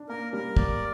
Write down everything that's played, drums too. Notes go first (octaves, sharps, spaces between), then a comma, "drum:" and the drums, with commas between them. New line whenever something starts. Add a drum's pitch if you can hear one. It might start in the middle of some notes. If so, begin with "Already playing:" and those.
Already playing: D4
A#3 A#4
G3 A#4
D5, drum: kick